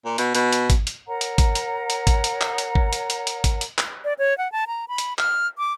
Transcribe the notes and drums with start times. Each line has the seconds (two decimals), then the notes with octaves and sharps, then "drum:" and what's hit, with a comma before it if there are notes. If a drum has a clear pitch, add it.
0.05 A#2
0.18 B2, drum: hi-hat
0.35 B2, drum: hi-hat
0.53 drum: hi-hat
0.70 drum: kick G#1, hi-hat
0.87 drum: hi-hat
1.07 A#4 C#5 F#5 A#5
1.21 drum: hi-hat
1.38 drum: kick G#1, hi-hat
1.55 drum: hi-hat
1.90 drum: hi-hat
2.07 drum: kick G#1, hi-hat
2.24 drum: hi-hat
2.41 drum: clap
2.58 drum: hi-hat
2.75 drum: kick G#1
2.93 drum: hi-hat
3.10 drum: hi-hat
3.27 drum: hi-hat
3.44 drum: kick G#1, hi-hat
3.61 drum: hi-hat
3.78 drum: clap
4.04 D5
4.19 C#5
4.38 F#5
4.52 A5
4.67 A#5
4.88 B5
4.98 drum: hi-hat
5.18 F6, drum: clap
5.58 D6